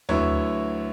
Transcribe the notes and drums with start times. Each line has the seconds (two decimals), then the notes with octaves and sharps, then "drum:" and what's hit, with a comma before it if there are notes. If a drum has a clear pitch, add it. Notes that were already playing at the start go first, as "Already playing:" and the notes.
0.09 D2 D3 F#3 B3 E4 C#5, drum: tom D#2